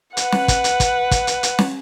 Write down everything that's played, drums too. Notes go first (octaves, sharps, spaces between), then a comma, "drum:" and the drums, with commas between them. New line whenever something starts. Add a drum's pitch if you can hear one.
B4 F#5, drum: hi-hat
drum: snare
drum: kick, hi-hat
drum: hi-hat
drum: kick, hi-hat
drum: kick, hi-hat
drum: hi-hat
drum: hi-hat
drum: snare